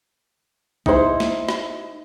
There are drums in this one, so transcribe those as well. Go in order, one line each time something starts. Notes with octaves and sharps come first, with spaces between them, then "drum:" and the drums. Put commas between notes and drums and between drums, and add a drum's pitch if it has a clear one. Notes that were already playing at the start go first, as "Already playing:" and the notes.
D#4 E4 C5, drum: kick
drum: snare
drum: rim click